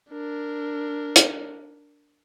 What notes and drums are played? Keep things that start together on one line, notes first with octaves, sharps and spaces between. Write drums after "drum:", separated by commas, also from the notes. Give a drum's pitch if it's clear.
D4 A#4
drum: hi-hat